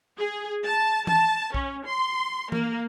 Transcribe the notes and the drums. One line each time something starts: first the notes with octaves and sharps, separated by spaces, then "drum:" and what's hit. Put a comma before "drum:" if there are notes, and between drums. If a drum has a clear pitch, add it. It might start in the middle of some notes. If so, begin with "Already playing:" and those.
G#4
A5
A5, drum: tom E3
C#4, drum: kick B1
C6
A#3, drum: tom E3